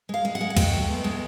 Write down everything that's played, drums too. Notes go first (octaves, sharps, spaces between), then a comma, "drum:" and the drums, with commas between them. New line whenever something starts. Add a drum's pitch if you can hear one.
G#3 F5
G#3
F#5
G#3
F#5
G#3 G5, drum: kick C#2, cymbal
A2
B3
G#3